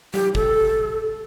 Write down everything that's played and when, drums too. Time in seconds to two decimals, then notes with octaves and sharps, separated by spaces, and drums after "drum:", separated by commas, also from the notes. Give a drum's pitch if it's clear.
0.14 G4, drum: tom F#3
0.35 A4, drum: kick